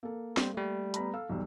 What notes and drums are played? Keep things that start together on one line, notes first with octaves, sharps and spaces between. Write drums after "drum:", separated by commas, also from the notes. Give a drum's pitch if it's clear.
A#3 A4
G3 C4 C5, drum: snare
G3 A3
B3 A#5 B5, drum: hi-hat
A4 F5 E6
B1 E2 G3